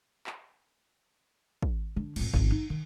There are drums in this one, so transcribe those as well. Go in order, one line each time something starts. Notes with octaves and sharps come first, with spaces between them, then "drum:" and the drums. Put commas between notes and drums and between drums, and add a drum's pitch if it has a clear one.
drum: clap
drum: kick
D3
F2 A2, drum: cymbal
G#1 C#2, drum: kick
D#4
D#3